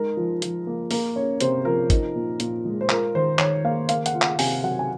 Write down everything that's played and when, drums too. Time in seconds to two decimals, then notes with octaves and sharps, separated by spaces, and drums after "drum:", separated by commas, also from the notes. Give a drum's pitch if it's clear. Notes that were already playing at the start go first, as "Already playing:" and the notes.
Already playing: G#3 D#4 A#4
0.17 F3
0.42 F3, drum: hi-hat
0.67 A#3
0.91 A#3 A#4, drum: open hi-hat
1.16 C#4 C#5
1.40 C3 C5, drum: hi-hat
1.65 F3 A#4
1.90 D#4, drum: kick, hi-hat
2.16 A#2
2.40 A#2, drum: hi-hat
2.65 G#3
2.81 C5
2.89 F4 A#4, drum: clap
3.15 D#3 C5
3.39 D#3 C#5, drum: clap
3.64 A#3 F5
3.89 A#3 F5, drum: hi-hat
4.06 F#5, drum: hi-hat
4.14 F4
4.22 F#5, drum: clap
4.39 C3 G#5, drum: open hi-hat
4.63 F#3 F#5
4.79 G#5